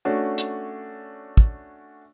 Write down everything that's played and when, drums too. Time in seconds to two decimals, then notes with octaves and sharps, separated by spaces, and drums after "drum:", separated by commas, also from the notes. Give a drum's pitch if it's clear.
0.05 A3 C#4 D4 F#4
0.38 drum: hi-hat
1.37 drum: kick